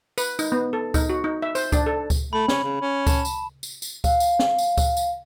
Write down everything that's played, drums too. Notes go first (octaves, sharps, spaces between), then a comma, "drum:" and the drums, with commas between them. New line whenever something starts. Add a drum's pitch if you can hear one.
B4, drum: tambourine
D#4, drum: tambourine
B3
A4
D#4, drum: kick C#2, tambourine
F#4
D#4
E5
C5, drum: tambourine
D4, drum: kick C#2, tambourine
A4
drum: kick C#2, tambourine
A3 B5
C#4, drum: snare
C#3
C#4
A5, drum: kick C#2, tambourine
drum: tambourine
drum: tambourine
drum: tambourine
F5, drum: kick C#2, tambourine
drum: tambourine
drum: snare
drum: tambourine
drum: kick C#2, tambourine
drum: tambourine